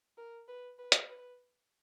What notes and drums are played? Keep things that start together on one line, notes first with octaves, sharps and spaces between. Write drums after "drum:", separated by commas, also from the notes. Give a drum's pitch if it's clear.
A#4
B4
B4
drum: hi-hat
B4